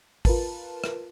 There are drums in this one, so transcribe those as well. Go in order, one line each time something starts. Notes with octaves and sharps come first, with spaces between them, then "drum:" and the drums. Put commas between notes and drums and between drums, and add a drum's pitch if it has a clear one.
F4 A#4 B4 A5, drum: kick, open hi-hat
drum: rim click